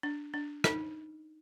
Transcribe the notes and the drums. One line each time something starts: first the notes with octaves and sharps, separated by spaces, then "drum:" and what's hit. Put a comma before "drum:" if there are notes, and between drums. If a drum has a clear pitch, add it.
D4
D4
D#4, drum: rim click